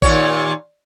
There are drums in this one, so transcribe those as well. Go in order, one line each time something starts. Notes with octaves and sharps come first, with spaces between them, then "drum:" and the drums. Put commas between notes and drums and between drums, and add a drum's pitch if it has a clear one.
D#2 A#2 C#5, drum: kick A#1